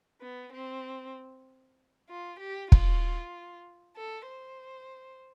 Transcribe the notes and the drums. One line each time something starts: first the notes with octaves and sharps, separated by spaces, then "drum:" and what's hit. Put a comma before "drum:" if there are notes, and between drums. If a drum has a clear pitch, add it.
B3
C4
F4
G4
F4, drum: kick
A4
C5